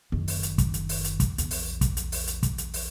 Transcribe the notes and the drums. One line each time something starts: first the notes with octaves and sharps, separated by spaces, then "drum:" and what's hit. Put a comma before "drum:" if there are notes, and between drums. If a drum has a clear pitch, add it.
F#1 D#3
drum: open hi-hat
drum: hi-hat
drum: kick, hi-hat
drum: hi-hat
drum: open hi-hat
drum: hi-hat
drum: kick, hi-hat
A#1 E2, drum: hi-hat
drum: open hi-hat
drum: kick, hi-hat
drum: hi-hat
drum: open hi-hat
drum: hi-hat
drum: kick, hi-hat
drum: hi-hat
drum: open hi-hat